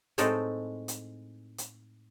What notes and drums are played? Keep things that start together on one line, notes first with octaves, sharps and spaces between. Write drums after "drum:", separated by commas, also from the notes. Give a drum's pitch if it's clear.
A2 G#3 C4 D#4 A4 C#5, drum: hi-hat
drum: hi-hat
drum: hi-hat